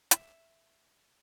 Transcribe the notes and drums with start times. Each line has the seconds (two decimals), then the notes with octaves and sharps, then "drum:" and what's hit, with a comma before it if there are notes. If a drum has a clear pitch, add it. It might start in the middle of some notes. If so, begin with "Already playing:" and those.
0.11 E5, drum: hi-hat